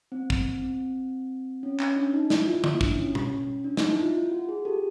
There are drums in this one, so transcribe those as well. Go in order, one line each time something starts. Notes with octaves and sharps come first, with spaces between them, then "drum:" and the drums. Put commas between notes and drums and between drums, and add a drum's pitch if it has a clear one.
C4
drum: kick
C4
C#4
C#4, drum: clap
D4
D#4
E4, drum: snare
F4
E4, drum: tom
D4, drum: kick
C#4
drum: tom B2
D4
D#4, drum: snare
E4
F4
F4
F#4
G#4
G4 A4